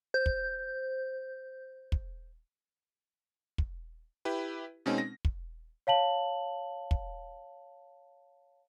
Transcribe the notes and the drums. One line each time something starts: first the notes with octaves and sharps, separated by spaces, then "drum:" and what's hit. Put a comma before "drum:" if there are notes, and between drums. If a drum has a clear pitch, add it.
C5 G6
drum: kick
drum: kick
drum: kick
E4 G4 B4
B2 G#3 C4 C#4 D#4
A#6
drum: kick
C#5 F5 A5 F#7
drum: kick